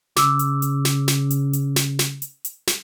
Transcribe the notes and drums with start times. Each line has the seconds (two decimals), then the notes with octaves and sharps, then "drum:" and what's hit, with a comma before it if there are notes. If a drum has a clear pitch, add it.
0.16 C#3 D6 E6, drum: snare
0.39 drum: hi-hat
0.62 drum: hi-hat
0.85 drum: snare
1.08 drum: snare
1.31 drum: hi-hat
1.53 drum: hi-hat
1.76 drum: snare
1.99 drum: snare
2.22 drum: hi-hat
2.45 drum: hi-hat
2.67 drum: snare